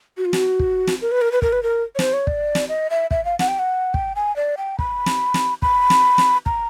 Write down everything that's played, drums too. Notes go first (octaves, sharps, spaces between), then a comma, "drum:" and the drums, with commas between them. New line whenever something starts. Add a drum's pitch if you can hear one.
F#4
F4
F#4, drum: snare
drum: kick
drum: snare
A#4
B4
A#4
B4
A#4, drum: kick
B4
A#4
C#5
C5, drum: snare
C#5
D5, drum: kick
drum: snare
D#5
E5
E5, drum: kick
F5
F#5, drum: snare
G5
F#5
G5, drum: kick
G#5
D5
G5
B5, drum: kick
drum: snare
drum: snare
B5, drum: kick
drum: snare
drum: snare
A#5, drum: kick